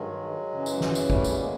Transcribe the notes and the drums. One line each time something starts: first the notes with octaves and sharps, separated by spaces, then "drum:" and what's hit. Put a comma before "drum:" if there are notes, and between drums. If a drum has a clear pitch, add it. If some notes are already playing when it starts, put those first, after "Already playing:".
Already playing: G2 D#3 F#3 G#3
F#2 C#3 E3
drum: tambourine
drum: snare
drum: tambourine
G3 A3, drum: kick G#1
drum: tambourine
B3
G#3 A#3